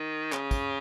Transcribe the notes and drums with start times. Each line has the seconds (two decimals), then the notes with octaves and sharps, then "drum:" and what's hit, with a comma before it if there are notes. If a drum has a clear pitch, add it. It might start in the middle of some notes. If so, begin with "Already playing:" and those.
Already playing: D#3
0.33 C#3, drum: clap
0.51 drum: kick, tambourine